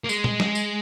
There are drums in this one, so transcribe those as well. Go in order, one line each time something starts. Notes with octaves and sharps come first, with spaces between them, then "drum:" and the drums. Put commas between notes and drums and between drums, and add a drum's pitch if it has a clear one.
A#3
G#3, drum: tambourine
drum: tom A#2
drum: snare
drum: tambourine